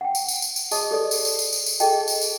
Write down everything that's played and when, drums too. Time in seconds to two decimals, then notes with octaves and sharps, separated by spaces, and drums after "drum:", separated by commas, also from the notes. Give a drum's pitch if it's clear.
0.01 F#5 G5
0.15 drum: tambourine
0.28 drum: tambourine
0.42 drum: tambourine
0.56 drum: tambourine
0.71 G#4 C#5 D#5 A5 D#6, drum: tambourine
0.91 G4 A4 B4 D5 D#6
1.11 drum: tambourine
1.25 drum: tambourine
1.39 drum: tambourine
1.53 drum: tambourine
1.66 drum: tambourine
1.80 G#4 A4 D#5 G5 A5, drum: tambourine
2.08 drum: tambourine
2.21 drum: tambourine